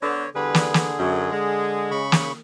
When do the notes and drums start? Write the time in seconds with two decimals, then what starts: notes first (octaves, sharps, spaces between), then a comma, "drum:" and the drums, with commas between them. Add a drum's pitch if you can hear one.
0.01 D3 B3 C#5
0.35 E2 D3 G3 G#4 B4
0.54 drum: snare
0.74 drum: snare
0.98 F#2
1.31 G#3
1.91 C#3 B5 C#6
2.12 drum: snare